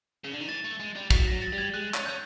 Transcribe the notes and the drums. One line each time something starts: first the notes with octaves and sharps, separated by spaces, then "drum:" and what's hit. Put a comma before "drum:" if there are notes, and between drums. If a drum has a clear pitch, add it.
C#3
D3
D#3
E3 A6
A3
G#3
G3
F#3 B6, drum: kick
F#3 A#6
A6
G3
G#6
G#3 F#6
C#4, drum: clap
C#4 G6